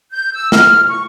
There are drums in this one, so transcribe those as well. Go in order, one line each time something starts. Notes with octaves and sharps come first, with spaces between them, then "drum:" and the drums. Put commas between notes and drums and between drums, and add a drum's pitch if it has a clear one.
G6
E6
F6, drum: snare
C#6